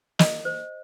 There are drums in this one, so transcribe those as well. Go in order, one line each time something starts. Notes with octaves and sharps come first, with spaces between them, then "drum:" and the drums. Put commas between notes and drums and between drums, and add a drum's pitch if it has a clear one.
D#5, drum: snare
C5